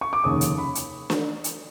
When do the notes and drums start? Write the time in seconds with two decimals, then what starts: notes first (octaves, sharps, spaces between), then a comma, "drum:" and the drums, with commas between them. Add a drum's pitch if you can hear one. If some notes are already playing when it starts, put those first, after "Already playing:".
0.01 C#6
0.13 D6
0.23 F1 D#2 C#3 D#6
0.41 drum: hi-hat
0.58 B5
0.75 drum: hi-hat
1.10 drum: snare
1.44 drum: hi-hat